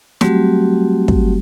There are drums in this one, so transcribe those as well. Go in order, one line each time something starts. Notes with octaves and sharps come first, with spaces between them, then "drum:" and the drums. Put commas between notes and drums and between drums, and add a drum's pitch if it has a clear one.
F#3 G3 A3 C4 F#4 G4, drum: snare
drum: kick